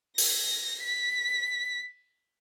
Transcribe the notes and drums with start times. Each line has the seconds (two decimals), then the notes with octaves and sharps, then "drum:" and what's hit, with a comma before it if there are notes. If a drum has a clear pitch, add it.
0.18 A#6, drum: open hi-hat
0.83 B6